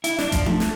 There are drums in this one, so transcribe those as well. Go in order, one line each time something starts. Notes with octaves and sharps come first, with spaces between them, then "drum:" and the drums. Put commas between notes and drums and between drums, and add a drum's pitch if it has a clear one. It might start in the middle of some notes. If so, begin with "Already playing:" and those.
E4, drum: hi-hat
D4, drum: snare
F3, drum: kick A1, hi-hat
A3, drum: tom D4
drum: snare